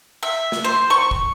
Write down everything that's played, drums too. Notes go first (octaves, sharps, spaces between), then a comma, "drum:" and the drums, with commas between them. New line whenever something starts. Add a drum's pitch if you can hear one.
E5
drum: snare
C5
C#6
drum: kick